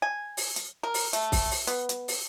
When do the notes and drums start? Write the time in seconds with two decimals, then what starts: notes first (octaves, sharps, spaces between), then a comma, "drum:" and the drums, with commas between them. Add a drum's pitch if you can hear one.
0.02 G#5
0.37 drum: open hi-hat
0.56 drum: hi-hat
0.83 A#4
0.94 drum: open hi-hat
1.13 A3, drum: hi-hat
1.32 drum: kick, open hi-hat
1.51 drum: open hi-hat
1.67 B3, drum: hi-hat
1.89 drum: hi-hat
2.08 drum: open hi-hat